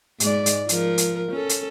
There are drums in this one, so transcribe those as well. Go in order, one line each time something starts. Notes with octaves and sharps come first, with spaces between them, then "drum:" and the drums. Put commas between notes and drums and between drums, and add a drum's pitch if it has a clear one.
G#2 G#3 D5, drum: hi-hat
drum: hi-hat
F3 A#4, drum: hi-hat
drum: hi-hat
C#4 A4
drum: hi-hat